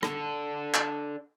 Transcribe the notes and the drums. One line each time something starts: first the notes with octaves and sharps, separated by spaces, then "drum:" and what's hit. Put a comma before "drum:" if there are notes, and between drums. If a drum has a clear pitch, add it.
D4 A4, drum: rim click
drum: clap